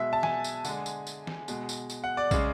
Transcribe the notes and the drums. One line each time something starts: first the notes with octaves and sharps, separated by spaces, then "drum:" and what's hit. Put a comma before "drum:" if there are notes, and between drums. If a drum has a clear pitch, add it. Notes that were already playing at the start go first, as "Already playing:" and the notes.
Already playing: B2 G#3 E5
A5
G#5, drum: snare
drum: tambourine
D3 G#3, drum: tambourine
drum: tambourine
drum: tambourine
drum: snare
B2 G#3, drum: tambourine
drum: tambourine
drum: tambourine
F#5
D5
C#3 G#3, drum: kick, tambourine